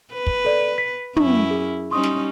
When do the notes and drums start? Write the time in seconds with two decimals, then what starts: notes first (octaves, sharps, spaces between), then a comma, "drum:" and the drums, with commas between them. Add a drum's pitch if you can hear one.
0.14 B4
0.27 drum: kick
0.45 A4 D5
0.78 B6
1.16 F#2 C#4 E4 C#6, drum: tom
1.51 G#4
1.91 G3 C#4 D#4 C6 C#6 D#6
2.03 drum: snare